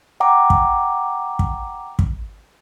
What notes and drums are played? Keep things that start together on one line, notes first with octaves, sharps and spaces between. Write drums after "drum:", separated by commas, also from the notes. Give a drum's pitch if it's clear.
F#5 G5 A#5 D6
drum: kick
drum: kick
drum: kick